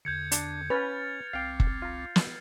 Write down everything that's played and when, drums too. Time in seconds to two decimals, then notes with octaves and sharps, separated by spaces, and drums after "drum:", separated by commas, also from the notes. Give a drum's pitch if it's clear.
0.05 E2 D3 G6 G#6 C#7
0.32 D4, drum: hi-hat
0.70 C#4 B4 F6 A6 C#7 F7
1.33 C2 C4 F5 G5 D6 C7
1.60 drum: kick F#1
1.82 F4 A#5
2.16 drum: snare